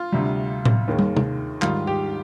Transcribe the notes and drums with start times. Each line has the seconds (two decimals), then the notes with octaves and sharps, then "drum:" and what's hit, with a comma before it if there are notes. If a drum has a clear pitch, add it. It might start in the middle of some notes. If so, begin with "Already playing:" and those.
Already playing: F4
0.12 D2 C3 G3
0.65 drum: tom A2
0.88 D#2 D#3 G#3
0.99 drum: tom
1.17 drum: tom C3
1.62 G#2 D#3 G3 F4, drum: clap
1.87 G4